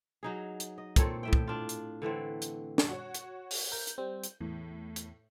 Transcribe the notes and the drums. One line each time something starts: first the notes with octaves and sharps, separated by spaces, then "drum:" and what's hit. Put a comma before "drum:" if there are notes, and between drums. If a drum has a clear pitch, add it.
F#3 D#4 G#4
drum: hi-hat
D#5
A#2 C4 A4 C#5, drum: kick, hi-hat
A2 E5 G5
drum: kick
D4 F4
drum: hi-hat
D3 E3 A3 C4
drum: hi-hat
drum: snare
F#4 C#5
drum: hi-hat
drum: open hi-hat
A#4 G6
drum: hi-hat
G3 C4
drum: hi-hat
E2 A2
drum: hi-hat